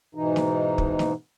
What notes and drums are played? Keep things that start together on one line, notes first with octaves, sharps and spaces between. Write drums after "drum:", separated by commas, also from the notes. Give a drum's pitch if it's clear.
G#2 B2 E3 D#4
drum: snare
drum: kick
drum: snare